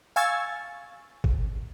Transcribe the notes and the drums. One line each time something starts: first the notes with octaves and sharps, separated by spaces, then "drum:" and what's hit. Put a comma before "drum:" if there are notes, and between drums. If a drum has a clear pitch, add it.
F5 G#5 C#6 E6 G#6 A6
drum: kick